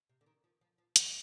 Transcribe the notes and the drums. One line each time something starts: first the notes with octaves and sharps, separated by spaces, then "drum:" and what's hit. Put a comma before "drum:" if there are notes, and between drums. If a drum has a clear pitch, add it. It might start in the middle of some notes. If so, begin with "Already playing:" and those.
C3
D3
D#3
F3
F3
F3
G3, drum: hi-hat